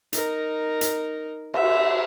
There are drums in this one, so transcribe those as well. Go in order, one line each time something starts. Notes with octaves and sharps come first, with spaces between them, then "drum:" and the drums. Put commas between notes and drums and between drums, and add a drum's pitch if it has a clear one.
D#4 A#4, drum: hi-hat
drum: hi-hat
E5, drum: cymbal